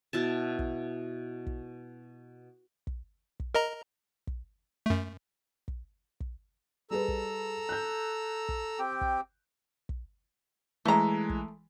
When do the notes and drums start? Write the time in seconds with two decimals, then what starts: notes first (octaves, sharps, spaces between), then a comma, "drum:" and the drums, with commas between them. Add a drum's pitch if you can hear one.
0.13 B2 E4 A5
0.59 drum: kick
1.47 drum: kick
2.87 drum: kick
3.40 drum: kick
3.55 A#4 D#5 A#5
4.27 drum: kick
4.86 F#2 A3
5.68 drum: kick
6.20 drum: kick
6.91 G3 G#4 A4 B4 A#5 E6
7.08 drum: kick
7.69 F#6 G6
8.49 drum: kick
8.79 C4 G4 G5
9.01 drum: kick
9.89 drum: kick
10.85 E3 G#3 A3 A#5
11.29 drum: kick